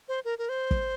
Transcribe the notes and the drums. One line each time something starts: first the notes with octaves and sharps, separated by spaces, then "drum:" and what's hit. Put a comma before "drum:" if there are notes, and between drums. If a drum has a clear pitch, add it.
C5
A#4
A#4
C5
drum: kick